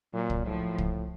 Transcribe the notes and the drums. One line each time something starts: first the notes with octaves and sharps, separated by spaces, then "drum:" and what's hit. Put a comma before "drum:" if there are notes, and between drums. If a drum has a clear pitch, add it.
A#2 F#3
drum: kick
A2 F3
drum: kick